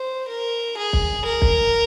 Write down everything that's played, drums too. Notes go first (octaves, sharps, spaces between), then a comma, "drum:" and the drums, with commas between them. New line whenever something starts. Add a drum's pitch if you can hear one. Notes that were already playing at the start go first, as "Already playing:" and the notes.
Already playing: C5
A#4
G#4
drum: kick
A#4
drum: kick